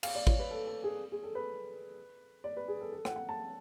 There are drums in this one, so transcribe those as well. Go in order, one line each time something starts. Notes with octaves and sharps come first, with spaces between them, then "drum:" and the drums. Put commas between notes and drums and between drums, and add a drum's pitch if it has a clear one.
F5, drum: cymbal
D5
C#5, drum: kick
B4
A4
A4
G#4
G#4
A4
B4
D5
B4
G#4
A4
A4
F#5, drum: rim click
F#5
A5